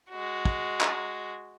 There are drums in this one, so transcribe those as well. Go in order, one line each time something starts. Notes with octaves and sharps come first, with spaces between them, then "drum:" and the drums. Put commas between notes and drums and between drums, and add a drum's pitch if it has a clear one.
G#3 F#4
drum: kick
drum: clap